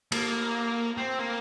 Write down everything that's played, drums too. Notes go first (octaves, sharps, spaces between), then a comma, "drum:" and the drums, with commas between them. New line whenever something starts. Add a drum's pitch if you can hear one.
A#3, drum: cymbal
C4
A#3